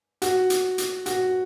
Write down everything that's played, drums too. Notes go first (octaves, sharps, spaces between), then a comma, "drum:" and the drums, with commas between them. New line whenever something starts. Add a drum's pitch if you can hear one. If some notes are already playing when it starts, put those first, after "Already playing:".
F#4, drum: hi-hat
drum: hi-hat
drum: hi-hat
F#4, drum: hi-hat